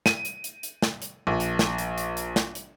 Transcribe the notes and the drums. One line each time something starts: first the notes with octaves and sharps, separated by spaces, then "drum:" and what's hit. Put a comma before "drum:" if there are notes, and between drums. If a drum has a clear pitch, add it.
D#7, drum: snare
drum: hi-hat
drum: hi-hat
drum: hi-hat
drum: snare
drum: hi-hat
A#1
drum: hi-hat
drum: snare
drum: hi-hat
drum: hi-hat
drum: hi-hat
drum: snare
drum: hi-hat